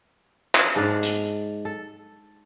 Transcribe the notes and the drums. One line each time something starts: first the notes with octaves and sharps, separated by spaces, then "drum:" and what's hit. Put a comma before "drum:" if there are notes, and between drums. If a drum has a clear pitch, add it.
drum: clap
G#2 D4 D5 F5
drum: hi-hat
A4